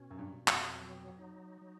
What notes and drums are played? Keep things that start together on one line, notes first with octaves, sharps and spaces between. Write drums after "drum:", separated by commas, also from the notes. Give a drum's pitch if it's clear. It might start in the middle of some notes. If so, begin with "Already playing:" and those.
Already playing: B2 C#4
F#2
G2
B2
F2, drum: clap
F#3
D#4
F#3